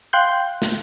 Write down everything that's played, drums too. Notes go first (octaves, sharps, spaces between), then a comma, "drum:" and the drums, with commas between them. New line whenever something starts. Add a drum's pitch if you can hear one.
F5 G5 C6 F#6 G6
drum: snare